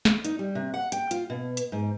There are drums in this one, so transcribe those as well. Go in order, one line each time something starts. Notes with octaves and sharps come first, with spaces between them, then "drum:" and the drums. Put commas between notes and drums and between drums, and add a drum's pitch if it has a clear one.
drum: snare
D#4, drum: hi-hat
G3
C3
F#5
G5, drum: hi-hat
F4, drum: hi-hat
B2
drum: hi-hat
G#2